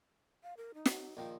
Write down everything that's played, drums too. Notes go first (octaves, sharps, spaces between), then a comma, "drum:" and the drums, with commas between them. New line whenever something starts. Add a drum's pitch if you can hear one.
F5
A#4
D#4
drum: snare
A#1 D#3 F3 G5